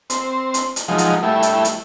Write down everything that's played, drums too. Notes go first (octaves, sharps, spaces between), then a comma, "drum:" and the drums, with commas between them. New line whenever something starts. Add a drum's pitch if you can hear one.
C4, drum: hi-hat
drum: hi-hat
drum: hi-hat
F3 F#3 G#3 D#4
drum: hi-hat
G3 A3 E4
drum: hi-hat
drum: hi-hat